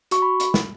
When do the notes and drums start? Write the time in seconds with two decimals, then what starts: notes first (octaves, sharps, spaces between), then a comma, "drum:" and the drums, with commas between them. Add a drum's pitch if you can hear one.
0.11 F#4 C#6, drum: hi-hat
0.22 B5
0.40 drum: hi-hat
0.54 drum: snare